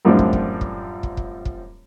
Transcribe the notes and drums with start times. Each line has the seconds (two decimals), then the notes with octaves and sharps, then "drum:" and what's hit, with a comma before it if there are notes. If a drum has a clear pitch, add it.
0.05 F#2 A2 F3 G3 C4 D4
0.19 drum: kick
0.33 drum: kick
0.61 drum: kick
1.03 drum: kick
1.17 drum: kick
1.45 drum: kick